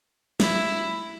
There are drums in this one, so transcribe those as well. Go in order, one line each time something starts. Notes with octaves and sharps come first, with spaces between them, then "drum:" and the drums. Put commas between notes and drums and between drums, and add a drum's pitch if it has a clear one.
E4, drum: snare